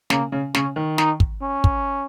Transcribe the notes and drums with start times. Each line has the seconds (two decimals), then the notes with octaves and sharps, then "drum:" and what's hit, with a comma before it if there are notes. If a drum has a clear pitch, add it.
0.10 C#3 A#3, drum: snare
0.32 C#3
0.54 C#3 C#4, drum: snare
0.76 D#3
0.98 D#4, drum: snare
1.20 drum: kick
1.42 C#4
1.64 drum: kick